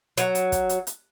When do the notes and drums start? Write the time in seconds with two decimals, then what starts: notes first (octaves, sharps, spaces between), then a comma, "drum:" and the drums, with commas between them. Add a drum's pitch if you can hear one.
0.18 F#3, drum: hi-hat
0.35 drum: hi-hat
0.52 drum: kick, hi-hat
0.69 drum: hi-hat
0.87 drum: hi-hat